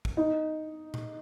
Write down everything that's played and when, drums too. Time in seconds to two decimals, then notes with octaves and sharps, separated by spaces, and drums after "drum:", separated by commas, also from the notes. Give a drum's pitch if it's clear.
0.05 drum: kick
0.17 D#4
0.94 drum: tom A#2